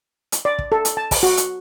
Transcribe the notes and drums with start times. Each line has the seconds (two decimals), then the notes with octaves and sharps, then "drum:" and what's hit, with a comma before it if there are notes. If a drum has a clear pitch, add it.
0.32 drum: hi-hat
0.45 D5
0.59 drum: kick
0.72 A4
0.85 drum: hi-hat
0.97 A5
1.11 drum: kick, open hi-hat
1.23 F#4
1.37 drum: hi-hat